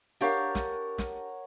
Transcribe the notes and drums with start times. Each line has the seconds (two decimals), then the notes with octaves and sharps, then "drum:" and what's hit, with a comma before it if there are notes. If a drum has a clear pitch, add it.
0.21 D4 G4 A#4 C#5 F5 F#5
0.55 drum: snare
0.98 drum: snare